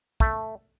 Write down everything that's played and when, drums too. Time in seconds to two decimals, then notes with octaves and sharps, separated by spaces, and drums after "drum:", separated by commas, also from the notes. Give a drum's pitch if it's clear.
0.20 A3, drum: kick